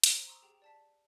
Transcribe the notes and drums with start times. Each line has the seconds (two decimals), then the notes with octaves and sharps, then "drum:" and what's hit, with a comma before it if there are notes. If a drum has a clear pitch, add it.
0.04 C5 A#5 D#6 G6, drum: hi-hat
0.27 A#5 C6 C#6 D#6 E6
0.42 G4 G#4 G5 F7
0.62 D5 A5 B6